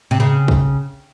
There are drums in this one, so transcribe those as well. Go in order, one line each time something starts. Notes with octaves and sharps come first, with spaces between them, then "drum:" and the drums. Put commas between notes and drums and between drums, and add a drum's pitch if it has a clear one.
C3
C#3
drum: kick